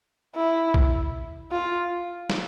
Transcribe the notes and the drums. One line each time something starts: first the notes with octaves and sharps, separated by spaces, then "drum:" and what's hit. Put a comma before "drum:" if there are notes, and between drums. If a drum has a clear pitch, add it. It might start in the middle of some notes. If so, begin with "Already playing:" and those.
E4
drum: kick B1
F4
drum: snare